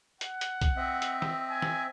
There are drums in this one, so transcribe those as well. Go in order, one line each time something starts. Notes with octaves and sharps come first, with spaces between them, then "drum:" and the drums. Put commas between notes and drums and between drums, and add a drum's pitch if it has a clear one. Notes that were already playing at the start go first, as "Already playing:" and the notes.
F#5, drum: hi-hat
drum: hi-hat
drum: kick B1, hi-hat
C4 D#5 E5
drum: hi-hat
drum: snare
G#5
drum: snare